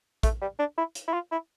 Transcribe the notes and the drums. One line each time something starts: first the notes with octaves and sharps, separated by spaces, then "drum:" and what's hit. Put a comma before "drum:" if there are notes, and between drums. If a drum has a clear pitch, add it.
A3, drum: kick, hi-hat
G3
D4
E4
drum: hi-hat
E4
F4
E4